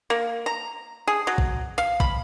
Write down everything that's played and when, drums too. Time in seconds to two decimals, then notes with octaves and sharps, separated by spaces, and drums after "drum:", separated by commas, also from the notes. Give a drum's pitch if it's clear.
0.10 A#3
0.46 A#5
1.07 G#4
1.27 F#3
1.38 drum: kick
1.78 F5
2.00 B5, drum: kick